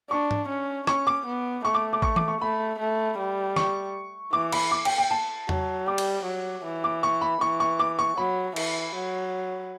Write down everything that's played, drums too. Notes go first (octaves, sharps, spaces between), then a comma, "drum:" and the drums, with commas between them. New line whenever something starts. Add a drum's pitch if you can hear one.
D4 C#6
drum: tom G#2
C#4
C#4 C#6, drum: rim click
D6
B3
A3 C#6
D6
D6
C#6, drum: kick
D6, drum: tom E3
C#6
A3 B5
A3
G3
C#6, drum: snare
E3 D6
B5, drum: cymbal
D6
G5, drum: cymbal
G5
A5
F#3, drum: tom E2
G3 D6
drum: cymbal
F#3
E3
D6
C#6
B5
E3 C#6
C#6
D6
C#6
F#3 B5
E3, drum: cymbal
F#3